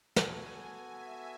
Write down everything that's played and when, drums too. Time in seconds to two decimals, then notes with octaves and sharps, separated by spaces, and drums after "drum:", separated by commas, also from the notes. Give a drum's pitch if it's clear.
0.16 B3 F#4 A4 G#5, drum: snare
0.88 E5